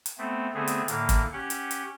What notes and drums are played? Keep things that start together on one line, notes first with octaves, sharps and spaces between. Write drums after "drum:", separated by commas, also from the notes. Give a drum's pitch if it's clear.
drum: hi-hat
A3 B3 C4
D3 A3 B3 C4 G#4
drum: hi-hat
A2 D3 A#3, drum: hi-hat
drum: kick, hi-hat
C#4 G4 F#5
drum: hi-hat
drum: hi-hat